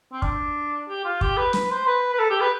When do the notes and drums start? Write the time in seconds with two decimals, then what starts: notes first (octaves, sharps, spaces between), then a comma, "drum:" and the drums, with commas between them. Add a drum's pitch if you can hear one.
0.12 C4
0.22 D4, drum: kick
0.89 G4
1.05 F4
1.21 G4, drum: kick
1.37 B4
1.53 B4, drum: snare
1.71 C5
1.86 B4
2.13 B4
2.19 A4
2.30 G4
2.41 B4